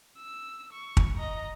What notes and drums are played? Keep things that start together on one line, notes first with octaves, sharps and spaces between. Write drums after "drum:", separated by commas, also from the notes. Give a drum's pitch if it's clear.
E6
C#6
drum: kick
D#5 A#5